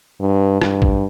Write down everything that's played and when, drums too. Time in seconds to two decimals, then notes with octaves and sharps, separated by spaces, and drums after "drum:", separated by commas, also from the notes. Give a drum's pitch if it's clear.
0.20 G2
0.62 G2, drum: rim click
0.82 drum: kick